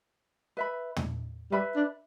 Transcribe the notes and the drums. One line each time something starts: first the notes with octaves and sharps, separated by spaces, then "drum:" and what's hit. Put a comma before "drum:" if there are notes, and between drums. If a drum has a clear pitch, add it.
B4 E5 B5
drum: tom
G3 B4 E5 B5
D4